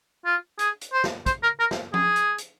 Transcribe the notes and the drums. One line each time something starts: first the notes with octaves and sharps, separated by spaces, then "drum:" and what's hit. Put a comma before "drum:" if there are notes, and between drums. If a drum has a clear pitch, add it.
F4
G#4, drum: hi-hat
drum: hi-hat
C5
drum: snare
C5, drum: kick, hi-hat
A#4
A#4
drum: snare
G#4, drum: tom F3
drum: hi-hat
drum: hi-hat